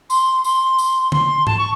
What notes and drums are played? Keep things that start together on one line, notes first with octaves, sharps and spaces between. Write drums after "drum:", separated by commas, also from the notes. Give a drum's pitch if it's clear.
C6, drum: tambourine
C6, drum: tambourine
drum: tambourine
C6, drum: tom
A5, drum: tom G#2
C#6